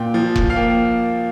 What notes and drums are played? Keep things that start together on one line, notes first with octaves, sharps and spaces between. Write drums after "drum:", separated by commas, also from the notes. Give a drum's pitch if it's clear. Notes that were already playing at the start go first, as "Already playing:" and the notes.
Already playing: A#2 G5
F3
drum: kick F1
F5
A#3 G5